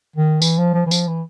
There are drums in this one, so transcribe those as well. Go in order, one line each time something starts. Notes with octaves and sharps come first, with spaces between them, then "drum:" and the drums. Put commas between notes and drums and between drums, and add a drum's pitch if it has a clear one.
D#3
E3, drum: tambourine
F3
F3
E3
F3, drum: tambourine
E3